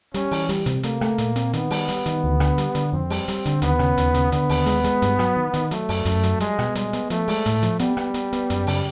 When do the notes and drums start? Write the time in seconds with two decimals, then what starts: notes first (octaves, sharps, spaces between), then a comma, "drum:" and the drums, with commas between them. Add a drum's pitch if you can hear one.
0.14 G3 C#4, drum: hi-hat
0.31 E3, drum: open hi-hat
0.49 G3, drum: hi-hat
0.66 C3, drum: hi-hat
0.83 A3 A#3, drum: hi-hat
1.01 A3, drum: rim click
1.18 A#2, drum: hi-hat
1.36 C4, drum: hi-hat
1.53 D#3 B3, drum: hi-hat
1.71 G3, drum: open hi-hat
1.88 G3, drum: hi-hat
2.06 D#3, drum: hi-hat
2.24 D2
2.40 D3, drum: rim click
2.58 G3, drum: hi-hat
2.75 D3, drum: hi-hat
2.93 F2 C4
3.10 G3, drum: open hi-hat
3.28 G3, drum: hi-hat
3.45 D3, drum: hi-hat
3.62 D#2 B3, drum: hi-hat
3.79 C#3, drum: rim click
3.98 D#2, drum: hi-hat
4.14 C#3, drum: hi-hat
4.32 D3 B3, drum: hi-hat
4.49 D#2, drum: open hi-hat
4.66 G#3, drum: hi-hat
4.84 G#3, drum: hi-hat
5.02 G2, drum: hi-hat
5.19 F#3, drum: rim click
5.36 D#3
5.54 D#3, drum: hi-hat
5.71 F#3 A3, drum: hi-hat
5.89 F#2, drum: open hi-hat
6.05 F#2, drum: hi-hat
6.23 F#3, drum: hi-hat
6.40 G3 G#3, drum: hi-hat
6.59 B2, drum: rim click
6.75 G3 G#3, drum: hi-hat
6.93 B3, drum: hi-hat
7.10 F3 A3, drum: hi-hat
7.28 G#3, drum: open hi-hat
7.46 A2, drum: hi-hat
7.63 F3, drum: hi-hat
7.79 G3 B3, drum: hi-hat
7.97 B3, drum: rim click
8.14 B3, drum: hi-hat
8.33 B3, drum: hi-hat
8.50 F#2, drum: hi-hat
8.67 C#3, drum: open hi-hat